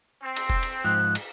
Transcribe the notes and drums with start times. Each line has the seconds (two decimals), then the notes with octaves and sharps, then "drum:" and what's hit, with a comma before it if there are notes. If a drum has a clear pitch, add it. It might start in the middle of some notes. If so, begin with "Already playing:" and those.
0.23 C4
0.36 drum: cymbal
0.50 drum: kick F1
0.63 drum: cymbal
0.85 G#2 F3 F#6
1.15 drum: cymbal